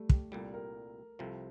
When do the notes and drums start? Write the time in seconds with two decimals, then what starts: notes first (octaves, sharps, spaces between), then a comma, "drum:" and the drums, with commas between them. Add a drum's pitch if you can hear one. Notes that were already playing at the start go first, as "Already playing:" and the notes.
Already playing: G3 A3
0.10 G4, drum: kick
0.31 C2 A#2 G3 A4
0.54 A#4
1.19 C2 C3 F3 A4